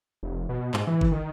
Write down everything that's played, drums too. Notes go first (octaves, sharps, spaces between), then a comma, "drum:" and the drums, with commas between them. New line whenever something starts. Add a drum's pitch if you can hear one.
F1
B2
G#2, drum: clap
E3
drum: kick
D#3